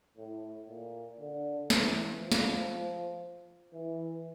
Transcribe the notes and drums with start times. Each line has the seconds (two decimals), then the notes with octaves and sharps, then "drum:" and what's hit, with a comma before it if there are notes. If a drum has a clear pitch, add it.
0.17 A2
0.68 A#2
1.20 D3
1.70 E3, drum: snare
2.21 F3
2.32 drum: snare
3.74 E3